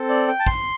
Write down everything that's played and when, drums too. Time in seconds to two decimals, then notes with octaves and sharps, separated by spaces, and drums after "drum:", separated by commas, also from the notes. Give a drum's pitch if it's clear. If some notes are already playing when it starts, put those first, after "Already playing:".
Already playing: C4 A4
0.09 D5
0.28 G5
0.39 A5
0.46 C6, drum: kick